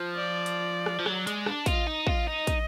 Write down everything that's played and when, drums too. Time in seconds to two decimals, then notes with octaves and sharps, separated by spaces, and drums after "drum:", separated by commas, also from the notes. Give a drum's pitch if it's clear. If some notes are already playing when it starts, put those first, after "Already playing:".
Already playing: F3
0.16 D5
0.46 drum: hi-hat
0.86 drum: rim click
0.99 F3
1.06 F#3 D5, drum: rim click
1.27 G#3, drum: hi-hat
1.46 D4, drum: rim click
1.66 F4 D#5, drum: kick, hi-hat
1.87 D#4
2.07 F4, drum: kick
2.27 D#4 D#5
2.47 drum: kick, hi-hat